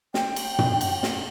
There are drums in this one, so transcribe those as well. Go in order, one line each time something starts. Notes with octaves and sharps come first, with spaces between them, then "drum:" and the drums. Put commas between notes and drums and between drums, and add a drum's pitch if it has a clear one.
G5, drum: snare
drum: cymbal
drum: tom
drum: cymbal
drum: snare